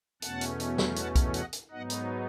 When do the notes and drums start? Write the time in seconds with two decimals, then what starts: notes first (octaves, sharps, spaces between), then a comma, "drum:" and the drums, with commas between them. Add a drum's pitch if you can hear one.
0.22 E2 B2 A3 C#4 F#5 A5, drum: hi-hat
0.41 drum: hi-hat
0.60 drum: hi-hat
0.78 drum: snare
0.96 F#5 A5, drum: hi-hat
1.15 drum: kick B1, hi-hat
1.34 D#5 F#5, drum: hi-hat
1.53 drum: hi-hat
1.71 G#2 F#3 B3 D#4 D#5 F#5
1.90 drum: hi-hat